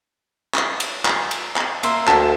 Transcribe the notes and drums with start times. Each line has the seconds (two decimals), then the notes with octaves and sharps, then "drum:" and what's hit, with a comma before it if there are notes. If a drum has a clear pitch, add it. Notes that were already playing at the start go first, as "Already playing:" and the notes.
0.55 drum: clap
0.80 drum: cymbal
1.06 drum: clap
1.31 drum: cymbal
1.56 drum: clap
1.83 A#3 E5 C6, drum: cymbal
2.07 D2 A5, drum: clap